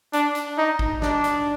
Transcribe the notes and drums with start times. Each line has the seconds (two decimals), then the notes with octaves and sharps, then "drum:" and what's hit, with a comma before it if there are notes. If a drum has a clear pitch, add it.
0.13 D4, drum: hi-hat
0.35 drum: hi-hat
0.57 D#4
0.79 drum: kick G#1
1.02 D4, drum: snare
1.24 drum: hi-hat